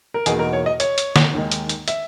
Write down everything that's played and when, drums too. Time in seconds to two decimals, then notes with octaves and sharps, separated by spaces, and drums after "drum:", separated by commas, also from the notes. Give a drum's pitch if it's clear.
0.14 A#4
0.26 E2 B2 A#3 D#4 G#4, drum: hi-hat
0.39 A#4
0.53 C#5
0.66 D#5
0.80 C#5, drum: hi-hat
0.98 drum: hi-hat
1.16 drum: snare
1.34 D#2 D#3 G#3
1.52 drum: hi-hat
1.69 drum: hi-hat
1.88 E5, drum: hi-hat